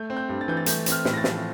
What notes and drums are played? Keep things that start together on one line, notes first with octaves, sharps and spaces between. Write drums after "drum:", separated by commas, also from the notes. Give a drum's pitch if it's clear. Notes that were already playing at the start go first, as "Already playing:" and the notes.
Already playing: A3 G6
C4
G6
G2
A6
E3 G6
A6
A3 G6, drum: hi-hat
C4, drum: hi-hat
F6
A2, drum: snare
A#6
A6
F3, drum: snare